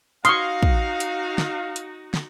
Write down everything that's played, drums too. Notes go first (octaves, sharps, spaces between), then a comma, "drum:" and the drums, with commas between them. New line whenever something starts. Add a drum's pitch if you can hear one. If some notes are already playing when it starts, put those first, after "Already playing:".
D#4 F#4 F5 C6 C#6 D#6 F6, drum: hi-hat
drum: kick
drum: hi-hat
drum: snare
drum: hi-hat
drum: snare